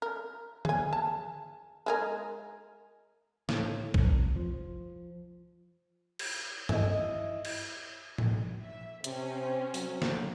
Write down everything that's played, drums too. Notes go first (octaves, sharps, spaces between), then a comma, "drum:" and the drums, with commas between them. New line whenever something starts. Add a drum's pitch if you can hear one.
A#4
G#4 G#5, drum: tom D3
A5
G#3 G#4 A#4
A2, drum: snare
F1, drum: kick A#1
F3
drum: cymbal
E4 D#5, drum: tom G2
drum: cymbal
drum: tom A2
E5
C3 C4 C#4, drum: hi-hat
F#3, drum: open hi-hat
drum: snare